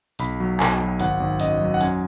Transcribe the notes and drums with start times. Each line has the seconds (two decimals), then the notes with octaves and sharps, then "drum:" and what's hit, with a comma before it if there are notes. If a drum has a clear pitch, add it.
0.19 B1 B5, drum: hi-hat
0.40 F#3
0.60 B1 G#5, drum: clap
0.80 F#3
1.00 G#1 F#5, drum: hi-hat
1.20 G#1
1.40 F#2 D#5, drum: hi-hat
1.61 F#3
1.74 F#5
1.81 F#2 G#5, drum: hi-hat